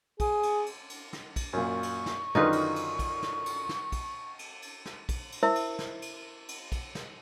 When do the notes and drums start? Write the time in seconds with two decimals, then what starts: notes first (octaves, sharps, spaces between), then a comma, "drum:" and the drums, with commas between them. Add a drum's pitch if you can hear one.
0.20 G#4, drum: kick A#1, cymbal
0.43 drum: cymbal
0.66 drum: cymbal
0.90 drum: cymbal
1.13 drum: snare
1.36 drum: kick A#1, cymbal
1.53 F#2 A#2 C#6
1.83 drum: cymbal
2.06 drum: snare
2.35 F#2 D3 D#3 D#4 F4 B4
2.53 drum: cymbal
2.76 drum: cymbal
2.99 drum: kick A#1, cymbal
3.22 drum: snare
3.46 drum: cymbal
3.69 drum: snare
3.92 drum: kick A#1, cymbal
4.39 drum: cymbal
4.62 drum: cymbal
4.85 drum: snare
5.09 drum: kick A#1, cymbal
5.32 drum: cymbal
5.43 E4 A#4 C5 E5
5.55 drum: cymbal
5.79 drum: snare
6.02 drum: cymbal
6.48 drum: cymbal
6.72 drum: kick A#1, cymbal
6.95 drum: snare